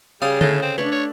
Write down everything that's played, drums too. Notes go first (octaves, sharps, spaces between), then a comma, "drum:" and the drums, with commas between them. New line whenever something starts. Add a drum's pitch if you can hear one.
C#3 G3 G#4 F5 D#6 A6
A2 A4 D#5 F5, drum: tom D3
C4
A3 D4 B4 C#5 D5
C#5